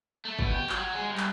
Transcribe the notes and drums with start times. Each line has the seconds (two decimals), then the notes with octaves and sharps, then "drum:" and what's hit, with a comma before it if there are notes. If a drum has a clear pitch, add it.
0.25 A3
0.39 B2, drum: kick G1
0.52 G4
0.69 F#3, drum: clap
0.93 G#3
1.08 G2
1.18 drum: clap